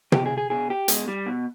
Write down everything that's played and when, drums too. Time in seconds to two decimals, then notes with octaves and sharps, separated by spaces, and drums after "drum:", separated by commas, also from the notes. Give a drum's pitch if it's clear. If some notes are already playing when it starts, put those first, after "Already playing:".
0.12 B2 G4, drum: tom
0.26 G#4
0.38 G#4
0.50 B2 G#4
0.70 G4
0.88 B2 G#3, drum: hi-hat
1.08 G3
1.26 B2